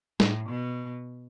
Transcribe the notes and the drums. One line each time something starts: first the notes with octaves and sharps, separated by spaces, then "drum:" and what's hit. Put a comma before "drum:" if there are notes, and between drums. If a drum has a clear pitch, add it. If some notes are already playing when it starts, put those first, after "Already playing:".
A2, drum: snare
B2